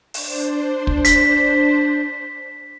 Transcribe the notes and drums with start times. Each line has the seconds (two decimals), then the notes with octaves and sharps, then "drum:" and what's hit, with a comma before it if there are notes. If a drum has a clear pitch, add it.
0.14 D4 C5, drum: open hi-hat
0.87 drum: kick
1.05 B6, drum: hi-hat